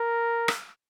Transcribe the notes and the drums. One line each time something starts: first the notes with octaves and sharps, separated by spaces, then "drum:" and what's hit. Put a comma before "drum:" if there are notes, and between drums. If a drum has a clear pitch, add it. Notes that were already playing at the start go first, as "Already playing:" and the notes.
Already playing: A#4
drum: rim click